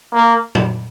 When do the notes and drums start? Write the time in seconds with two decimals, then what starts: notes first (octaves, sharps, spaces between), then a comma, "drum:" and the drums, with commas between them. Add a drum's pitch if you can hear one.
0.13 A#3
0.55 drum: tom